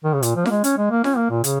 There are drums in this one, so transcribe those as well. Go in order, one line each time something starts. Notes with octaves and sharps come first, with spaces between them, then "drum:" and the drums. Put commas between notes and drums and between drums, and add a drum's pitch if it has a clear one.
D#3
C#3
A#2, drum: hi-hat
F3
A#3, drum: snare F4
G#3
C#4, drum: hi-hat
G#3
A#3
C#4, drum: snare F4
A#3
A#2
C#3, drum: hi-hat